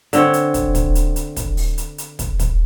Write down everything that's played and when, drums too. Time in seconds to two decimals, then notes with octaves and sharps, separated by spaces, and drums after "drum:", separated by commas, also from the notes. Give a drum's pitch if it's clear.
0.13 D3 C4 C#5, drum: hi-hat
0.33 drum: hi-hat
0.54 drum: kick, hi-hat
0.75 drum: kick, hi-hat
0.95 drum: hi-hat
1.16 drum: hi-hat
1.36 drum: kick, hi-hat
1.57 drum: open hi-hat
1.78 drum: hi-hat
1.98 drum: hi-hat
2.19 drum: kick, hi-hat
2.39 drum: kick, hi-hat